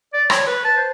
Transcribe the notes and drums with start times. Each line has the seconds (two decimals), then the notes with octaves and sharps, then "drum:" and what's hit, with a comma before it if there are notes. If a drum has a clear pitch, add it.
0.13 D5
0.30 C#5, drum: rim click
0.47 B4
0.65 A5
0.77 C5